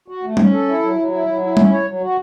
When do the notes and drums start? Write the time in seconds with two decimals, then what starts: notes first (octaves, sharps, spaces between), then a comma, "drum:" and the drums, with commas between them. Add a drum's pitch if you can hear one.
0.08 F#4
0.23 A3
0.37 C#4, drum: tom G3
0.53 A4
0.68 E4
0.83 F#3
0.97 F#3
1.12 E4
1.27 F#3
1.41 E4
1.57 C#4, drum: tom G3
1.71 C#5
1.87 F#3
2.02 F#4